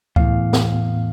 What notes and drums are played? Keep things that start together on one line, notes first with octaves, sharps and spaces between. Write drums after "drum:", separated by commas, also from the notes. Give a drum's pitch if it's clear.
E2 A2 F5, drum: kick C#2
drum: snare